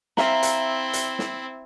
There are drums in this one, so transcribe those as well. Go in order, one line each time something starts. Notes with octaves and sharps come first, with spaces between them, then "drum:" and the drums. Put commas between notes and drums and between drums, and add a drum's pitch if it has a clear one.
C4 E4 E5 F5 A#5, drum: snare
drum: hi-hat
drum: hi-hat
drum: snare